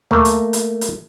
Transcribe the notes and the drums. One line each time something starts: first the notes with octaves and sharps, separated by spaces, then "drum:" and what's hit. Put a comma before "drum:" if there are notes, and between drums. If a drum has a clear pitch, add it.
A3 A#3, drum: tom D2
drum: hi-hat
drum: hi-hat
drum: hi-hat